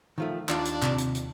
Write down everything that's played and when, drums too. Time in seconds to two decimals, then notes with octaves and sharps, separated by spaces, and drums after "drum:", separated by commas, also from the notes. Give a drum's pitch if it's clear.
0.18 D#3 F3 A3
0.49 D#2 D4 F4, drum: clap
0.65 drum: hi-hat
0.82 C3, drum: clap
0.98 drum: hi-hat
1.15 drum: hi-hat